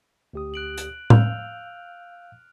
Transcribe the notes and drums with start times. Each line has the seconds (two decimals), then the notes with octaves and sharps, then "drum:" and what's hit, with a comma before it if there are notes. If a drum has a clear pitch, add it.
0.33 D2 G4 D#6
0.54 F#6 D7 F#7
0.78 drum: hi-hat
1.10 F5 E6 F6 G6 F7, drum: tom A2